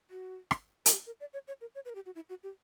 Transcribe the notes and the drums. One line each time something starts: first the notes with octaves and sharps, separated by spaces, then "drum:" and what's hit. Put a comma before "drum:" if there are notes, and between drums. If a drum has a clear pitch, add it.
F#4
drum: rim click
A#4, drum: hi-hat
G4
A#4
D5
C#5
C#5
A#4
C#5
B4
A#4
G4
F#4
E4
F#4
G4